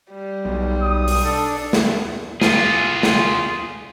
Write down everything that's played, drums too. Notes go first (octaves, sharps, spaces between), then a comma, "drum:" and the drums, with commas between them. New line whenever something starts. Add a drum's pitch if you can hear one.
G3
B1
D#6
drum: open hi-hat
D4 A4
drum: snare
F4 G#4, drum: snare
drum: snare